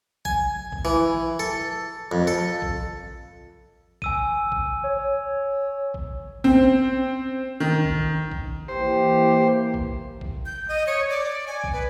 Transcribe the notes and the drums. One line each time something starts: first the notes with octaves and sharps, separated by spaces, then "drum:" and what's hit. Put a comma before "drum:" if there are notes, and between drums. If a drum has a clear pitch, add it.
G#5, drum: kick
drum: kick
E3
A4
F2
A4
drum: kick
G#5 E6 D#7, drum: kick
drum: kick
C#5
drum: kick
C4, drum: kick
D#3
drum: kick
drum: kick
E3 A#3 G4 C5
drum: kick
drum: kick
G6
D#5
C#5
D5
G#5
drum: kick
B4